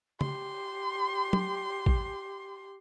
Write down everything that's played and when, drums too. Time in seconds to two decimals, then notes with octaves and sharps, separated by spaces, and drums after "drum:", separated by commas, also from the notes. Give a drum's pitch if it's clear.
0.21 G4 C6, drum: tom
1.33 drum: tom
1.86 drum: kick